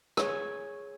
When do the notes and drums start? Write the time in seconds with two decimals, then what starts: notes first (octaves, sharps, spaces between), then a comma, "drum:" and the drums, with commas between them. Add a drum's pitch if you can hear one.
0.17 G#4 C#5, drum: rim click